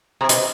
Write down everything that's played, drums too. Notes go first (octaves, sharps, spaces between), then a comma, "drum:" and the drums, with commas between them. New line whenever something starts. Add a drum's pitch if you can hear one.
C3
B2, drum: hi-hat